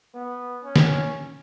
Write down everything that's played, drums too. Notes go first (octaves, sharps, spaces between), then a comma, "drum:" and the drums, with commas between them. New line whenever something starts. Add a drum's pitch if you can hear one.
B3
C#4
drum: snare